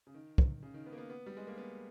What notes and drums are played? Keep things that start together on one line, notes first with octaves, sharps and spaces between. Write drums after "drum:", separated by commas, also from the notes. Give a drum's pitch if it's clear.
C#3
D#3
drum: kick
C#3
D#3
B3
A#3
B3
B3
G3
G#3
A#3
B3